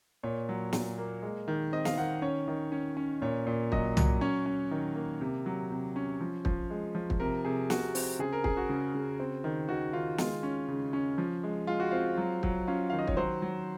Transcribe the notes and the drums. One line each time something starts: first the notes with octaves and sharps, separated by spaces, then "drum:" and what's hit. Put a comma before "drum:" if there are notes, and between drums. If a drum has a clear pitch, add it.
A#2 C#5
F#3
A#2, drum: snare
A#3
G#3
D#3
C4 D#5
F5, drum: snare
D#3 F#5
C#4 C#5
D#3
C#4
C#4
A#2 C#5
A#2
F#3 D#5, drum: kick
F#3, drum: tom
C#4 C#5
C#4
D#3
A#3
C3
F#3
C3
C#4
F3
F3, drum: kick
G#3
F3
drum: kick
C3 A#4
C3 G#4
C3 F#4, drum: snare
C4, drum: open hi-hat
C#3 G#4
A#4
C#3 G#4, drum: kick
F#4
C#3
C#3
C4
D#3
D#3 F#4
D#3 F4
G#3 F4, drum: snare
C#4
C#3
C#4
F3
G#3
G#3 F4
F#4
C4 F4
F#3
F#3, drum: kick
C#4 F4
D#3 F5
D#5
C#5, drum: kick
F#3 C5
F#3